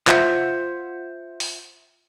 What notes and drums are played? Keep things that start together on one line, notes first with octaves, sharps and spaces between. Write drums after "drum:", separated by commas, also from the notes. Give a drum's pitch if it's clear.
F4 C5 E5 F#5, drum: clap
drum: open hi-hat